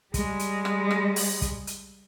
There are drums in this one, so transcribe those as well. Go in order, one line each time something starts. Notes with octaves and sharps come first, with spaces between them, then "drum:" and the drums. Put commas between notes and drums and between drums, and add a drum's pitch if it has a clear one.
G3 G#3, drum: kick, hi-hat
drum: hi-hat
drum: rim click
drum: rim click
drum: open hi-hat
drum: kick, hi-hat
drum: hi-hat